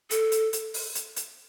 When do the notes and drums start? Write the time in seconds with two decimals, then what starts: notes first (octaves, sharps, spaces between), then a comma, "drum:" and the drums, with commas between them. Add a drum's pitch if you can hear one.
0.11 A4, drum: hi-hat
0.32 drum: hi-hat
0.53 drum: hi-hat
0.74 drum: open hi-hat
0.95 drum: hi-hat
1.16 drum: hi-hat